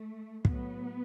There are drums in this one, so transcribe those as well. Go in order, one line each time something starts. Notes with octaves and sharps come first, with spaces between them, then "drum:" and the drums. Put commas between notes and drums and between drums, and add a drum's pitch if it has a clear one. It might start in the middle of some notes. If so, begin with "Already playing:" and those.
Already playing: A3
A2 F#3 B3, drum: kick